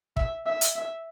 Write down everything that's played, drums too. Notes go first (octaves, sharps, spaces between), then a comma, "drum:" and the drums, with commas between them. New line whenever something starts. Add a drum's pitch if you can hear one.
E5, drum: kick
E5
drum: hi-hat
E5